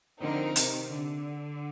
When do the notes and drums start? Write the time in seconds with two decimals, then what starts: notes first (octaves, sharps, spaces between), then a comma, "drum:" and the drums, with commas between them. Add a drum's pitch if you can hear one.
0.20 D3 F3 C4 D#4 A#4
0.56 C3 D#3, drum: hi-hat
0.90 D3